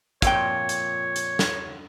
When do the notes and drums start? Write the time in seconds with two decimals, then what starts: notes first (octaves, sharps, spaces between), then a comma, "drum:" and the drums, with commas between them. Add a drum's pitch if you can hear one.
0.22 F2 A#2 C#5 G5, drum: kick, hi-hat
0.69 drum: hi-hat
1.16 drum: hi-hat
1.39 drum: snare